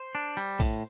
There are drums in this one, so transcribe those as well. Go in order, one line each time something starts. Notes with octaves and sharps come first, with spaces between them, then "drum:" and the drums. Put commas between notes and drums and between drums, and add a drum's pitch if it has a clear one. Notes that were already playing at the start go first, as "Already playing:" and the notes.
Already playing: C5
D4
G3
A2, drum: kick A#1, open hi-hat